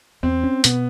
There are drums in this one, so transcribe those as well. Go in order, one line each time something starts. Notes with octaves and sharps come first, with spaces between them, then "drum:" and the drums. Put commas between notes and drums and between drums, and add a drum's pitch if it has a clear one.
E2 C4
C#4
B2 B3, drum: hi-hat